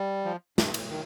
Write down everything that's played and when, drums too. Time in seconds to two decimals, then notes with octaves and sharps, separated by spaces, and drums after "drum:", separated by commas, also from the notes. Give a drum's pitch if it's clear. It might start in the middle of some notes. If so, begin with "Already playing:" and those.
Already playing: G3
0.25 F3
0.58 G2, drum: snare
0.74 drum: cymbal
0.90 D#3